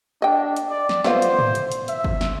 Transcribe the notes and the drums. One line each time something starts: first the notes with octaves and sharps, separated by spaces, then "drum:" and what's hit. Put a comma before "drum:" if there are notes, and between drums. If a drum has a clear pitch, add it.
D4 D#5 G5
drum: hi-hat
D5
drum: snare
A3 B3 F4 C5, drum: snare
drum: hi-hat
drum: tom
drum: hi-hat
drum: hi-hat
E5, drum: hi-hat
drum: kick G1
drum: snare